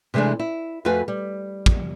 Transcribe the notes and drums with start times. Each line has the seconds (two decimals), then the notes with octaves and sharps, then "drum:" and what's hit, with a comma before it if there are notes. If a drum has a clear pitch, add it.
0.14 C3 E3 G#3 A3 D4
0.39 E4
0.85 F2 A3 F4 F#4 B4 G#5
1.08 G3
1.66 drum: kick